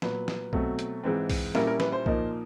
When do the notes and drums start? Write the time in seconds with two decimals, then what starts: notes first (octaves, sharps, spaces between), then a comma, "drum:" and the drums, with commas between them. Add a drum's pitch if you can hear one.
0.02 A#2 F#3 B3 B4, drum: snare
0.28 drum: snare
0.53 B2 F#3 A3 C4, drum: kick B1
0.79 drum: hi-hat
1.04 G#2 E3 G#3 C4
1.30 drum: kick B1, open hi-hat
1.55 A#2 G3 A#3 C#4 E4 A#4, drum: snare
1.67 A#4
1.80 B4, drum: snare
1.92 C5
2.06 A#2 F3 A#3 D#4, drum: kick B1